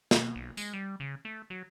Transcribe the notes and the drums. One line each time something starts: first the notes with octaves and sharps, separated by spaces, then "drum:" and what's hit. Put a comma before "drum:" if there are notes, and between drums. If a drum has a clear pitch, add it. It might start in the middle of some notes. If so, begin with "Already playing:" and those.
B2, drum: snare
B1
G#3, drum: tambourine
G3
C#3
A3
F#3